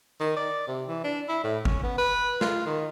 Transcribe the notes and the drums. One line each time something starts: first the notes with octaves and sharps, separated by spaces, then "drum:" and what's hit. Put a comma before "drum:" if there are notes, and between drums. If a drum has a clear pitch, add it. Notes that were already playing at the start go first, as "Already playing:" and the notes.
D#3
D5
C3
E3
D4
E4
A2
C#4, drum: kick G1
B3
B4
F4, drum: snare
D#3